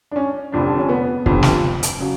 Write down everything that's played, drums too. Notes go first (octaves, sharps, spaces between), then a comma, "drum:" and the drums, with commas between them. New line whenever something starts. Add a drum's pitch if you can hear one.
D4
C#4
F1 F2 D3 D4
C#4
B3
F1 F2 D3, drum: kick
drum: snare
drum: hi-hat
C#3 F#3